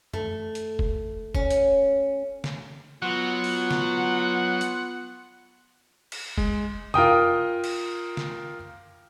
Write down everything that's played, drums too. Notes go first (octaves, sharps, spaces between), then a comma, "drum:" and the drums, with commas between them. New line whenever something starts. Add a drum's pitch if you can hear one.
A3, drum: tom F#2
drum: hi-hat
drum: kick
C#4, drum: kick
drum: hi-hat
drum: snare
F#3 B3 F4 F#5
drum: open hi-hat
drum: snare
drum: hi-hat
drum: cymbal
G#3, drum: kick
F4 A#4 G5 D#6, drum: tom C3
drum: cymbal
drum: snare